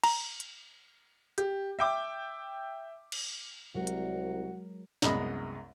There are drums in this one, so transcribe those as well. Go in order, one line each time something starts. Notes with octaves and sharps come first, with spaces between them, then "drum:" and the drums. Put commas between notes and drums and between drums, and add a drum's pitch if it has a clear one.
A#5, drum: cymbal
drum: hi-hat
G4, drum: hi-hat
E5 G5 D6
drum: cymbal
C2 F#3 G#3 F#4 A#4
drum: hi-hat
C2 F#2 G#3 B3 D#5 B5, drum: snare